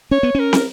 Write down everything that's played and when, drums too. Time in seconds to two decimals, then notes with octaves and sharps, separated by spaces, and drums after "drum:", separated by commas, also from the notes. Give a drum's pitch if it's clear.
0.11 C#4 C#5
0.23 B3
0.35 C#4 A#4
0.53 drum: snare